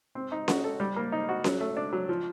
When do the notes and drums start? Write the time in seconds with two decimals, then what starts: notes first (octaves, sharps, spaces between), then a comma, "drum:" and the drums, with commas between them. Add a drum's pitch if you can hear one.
0.15 C4
0.32 D#4
0.48 F#4, drum: snare C#4
0.64 A4
0.80 G3
0.96 A#3
1.12 D#4
1.29 F#4
1.44 F#3, drum: snare C#4
1.61 A3
1.77 D4
1.93 F#3
2.09 F3